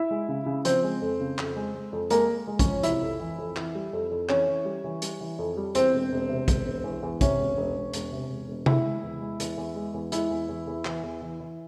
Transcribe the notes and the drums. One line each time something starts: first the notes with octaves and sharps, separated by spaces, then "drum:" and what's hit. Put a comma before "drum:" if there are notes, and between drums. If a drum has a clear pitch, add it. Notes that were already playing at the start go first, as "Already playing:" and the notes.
Already playing: E4 E5
G#3
C#3
C#3
F3 C4 C5, drum: hi-hat
G#3
F2
C#3
F2, drum: clap
G#3
G#3
F2
G#3 A#3 A#4, drum: hi-hat
G#3
G#3
C#4 C#5, drum: kick, hi-hat
F3
C3 E4 E5, drum: hi-hat
F2
E3
F2
E3, drum: clap
G3
F2
F2
E3 C#4 C#5, drum: clap
E3
G3
E3
G3, drum: hi-hat
E3
F2
G3
E2 C4 C5, drum: hi-hat
E1
E1
C3
E1, drum: kick, hi-hat
E1
E2
E2
C3 C#4, drum: kick, hi-hat
E1
E1
E1
E1, drum: hi-hat
C3
E1
E1
G#3 E4, drum: tom C3
G#3
E2
G#3
E2, drum: hi-hat
E2
G#3
E2
G#3 E4, drum: hi-hat
E2
E2
E2
E3, drum: clap
E2
E3
E3